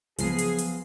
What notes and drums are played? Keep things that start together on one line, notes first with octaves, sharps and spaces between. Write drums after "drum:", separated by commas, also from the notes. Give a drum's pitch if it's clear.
C#2 F3 F#3 B3 G#4 C7, drum: hi-hat
drum: hi-hat
drum: hi-hat